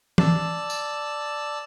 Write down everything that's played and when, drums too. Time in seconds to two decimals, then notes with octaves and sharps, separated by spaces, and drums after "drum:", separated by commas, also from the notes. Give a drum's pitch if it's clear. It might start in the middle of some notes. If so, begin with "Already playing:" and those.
0.18 D5 A5 E6, drum: tom E3
0.70 drum: tambourine